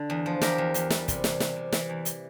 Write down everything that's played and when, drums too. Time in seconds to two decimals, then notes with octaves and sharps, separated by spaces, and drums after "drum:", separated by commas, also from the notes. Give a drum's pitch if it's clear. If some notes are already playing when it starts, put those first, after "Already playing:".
Already playing: D3
0.10 E2
0.26 F3
0.42 E2 G4 A#4, drum: snare
0.58 E2
0.74 E2, drum: hi-hat
0.90 G3, drum: snare
1.08 C3, drum: kick, hi-hat
1.24 E2, drum: snare
1.40 E2, drum: snare
1.56 C3
1.73 E3, drum: snare
1.89 E2
2.05 drum: hi-hat